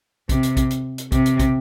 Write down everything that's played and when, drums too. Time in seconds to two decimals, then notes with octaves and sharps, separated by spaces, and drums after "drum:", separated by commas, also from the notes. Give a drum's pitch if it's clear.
0.29 C3, drum: kick, hi-hat
0.43 drum: hi-hat
0.57 drum: kick, hi-hat
0.70 drum: hi-hat
0.98 drum: hi-hat
1.12 C3, drum: kick, hi-hat
1.26 drum: hi-hat
1.39 drum: kick, hi-hat